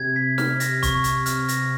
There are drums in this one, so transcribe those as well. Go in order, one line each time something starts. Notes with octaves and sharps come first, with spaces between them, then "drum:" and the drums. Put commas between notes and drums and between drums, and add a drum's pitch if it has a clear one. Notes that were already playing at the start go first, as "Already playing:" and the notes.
Already playing: C3 G#6
B6
F6, drum: snare
A#6, drum: hi-hat
C#6, drum: kick, hi-hat
C#6, drum: hi-hat
F6, drum: hi-hat
A#6, drum: hi-hat